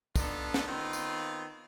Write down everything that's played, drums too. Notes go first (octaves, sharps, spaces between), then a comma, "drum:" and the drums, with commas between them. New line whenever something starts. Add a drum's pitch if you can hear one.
B3 D4 D#4 F4 A4, drum: kick, tambourine
drum: snare
D#3 B3 C4 F4
drum: tambourine